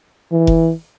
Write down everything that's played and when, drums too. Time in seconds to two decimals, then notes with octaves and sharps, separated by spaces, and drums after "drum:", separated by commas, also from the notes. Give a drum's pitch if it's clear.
0.32 E3
0.47 drum: kick F1